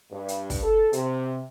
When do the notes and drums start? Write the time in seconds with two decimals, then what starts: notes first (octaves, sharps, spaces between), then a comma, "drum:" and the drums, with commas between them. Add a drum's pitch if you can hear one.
0.11 G2
0.28 drum: hi-hat
0.50 drum: kick, open hi-hat
0.63 A4
0.93 C3, drum: hi-hat